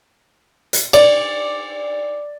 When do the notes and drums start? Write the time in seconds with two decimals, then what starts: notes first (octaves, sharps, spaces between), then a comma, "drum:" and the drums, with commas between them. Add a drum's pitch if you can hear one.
0.73 drum: hi-hat
0.93 D5, drum: cymbal